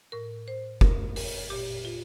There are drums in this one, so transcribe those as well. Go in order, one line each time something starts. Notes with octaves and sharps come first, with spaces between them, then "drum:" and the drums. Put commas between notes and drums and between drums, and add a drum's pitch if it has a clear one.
A2 A#4
C5
A#4, drum: kick
A#4, drum: open hi-hat
A#2 G4
F4